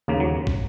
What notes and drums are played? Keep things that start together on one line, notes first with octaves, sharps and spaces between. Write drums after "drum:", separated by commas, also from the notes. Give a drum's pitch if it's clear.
D#2 C#3 A#3
F#3
drum: kick